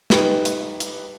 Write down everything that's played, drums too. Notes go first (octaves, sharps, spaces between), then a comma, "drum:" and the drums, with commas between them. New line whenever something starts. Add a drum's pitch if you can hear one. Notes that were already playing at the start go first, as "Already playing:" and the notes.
D#4 G4 B4, drum: snare
drum: hi-hat
drum: hi-hat